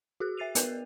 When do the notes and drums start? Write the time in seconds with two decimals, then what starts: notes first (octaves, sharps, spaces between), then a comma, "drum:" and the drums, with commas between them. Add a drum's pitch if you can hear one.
0.20 F#4 G#4 F#6
0.37 E5 A6 C7 D#7 F7
0.55 B3 A#4 B4, drum: hi-hat